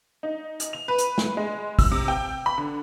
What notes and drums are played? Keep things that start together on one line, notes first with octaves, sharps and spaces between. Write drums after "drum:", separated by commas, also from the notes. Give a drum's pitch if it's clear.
D#4
drum: hi-hat
F7
B4
drum: hi-hat
drum: snare
G#3
E6, drum: kick, open hi-hat
C3
G5
B5
D3